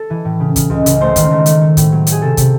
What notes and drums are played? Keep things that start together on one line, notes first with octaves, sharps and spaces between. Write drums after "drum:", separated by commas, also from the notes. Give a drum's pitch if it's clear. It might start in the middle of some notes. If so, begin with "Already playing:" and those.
Already playing: A4
E3
A2
C#3
C#3, drum: kick, hi-hat
C#2
C#2, drum: hi-hat
A3 C5
D#3, drum: kick, hi-hat
A3
A3, drum: hi-hat
A3
A2, drum: kick, hi-hat
F#3
A3, drum: hi-hat
G#4
C3 A4
C3, drum: kick, hi-hat